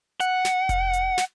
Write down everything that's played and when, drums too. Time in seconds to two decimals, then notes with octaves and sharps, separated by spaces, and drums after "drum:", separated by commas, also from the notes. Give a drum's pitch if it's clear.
0.20 F#5, drum: hi-hat
0.45 drum: snare
0.69 drum: kick F1, hi-hat
0.93 drum: hi-hat
1.18 drum: snare